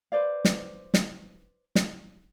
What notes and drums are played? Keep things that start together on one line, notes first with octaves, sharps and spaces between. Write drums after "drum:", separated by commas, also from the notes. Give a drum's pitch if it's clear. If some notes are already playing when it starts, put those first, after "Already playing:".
B4 C5 D5 F5
drum: snare
drum: snare
drum: snare